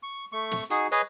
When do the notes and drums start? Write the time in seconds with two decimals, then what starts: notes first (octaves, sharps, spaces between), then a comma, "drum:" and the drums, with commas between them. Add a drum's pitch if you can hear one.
0.03 C#6
0.32 A3 C#6
0.51 drum: snare
0.70 D#4 F#4 G#4, drum: hi-hat
0.92 G#4 B4 C#5 D#5, drum: hi-hat